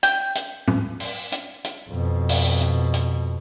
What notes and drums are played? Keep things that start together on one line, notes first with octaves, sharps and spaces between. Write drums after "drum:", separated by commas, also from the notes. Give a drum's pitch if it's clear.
G5, drum: hi-hat
drum: hi-hat
drum: tom
drum: open hi-hat
drum: hi-hat
drum: hi-hat
F2 B2
drum: open hi-hat
drum: hi-hat
drum: hi-hat